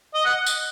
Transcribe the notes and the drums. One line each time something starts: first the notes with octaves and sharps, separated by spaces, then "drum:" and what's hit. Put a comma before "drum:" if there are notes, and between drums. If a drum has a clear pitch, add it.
D#5
F#5
drum: tambourine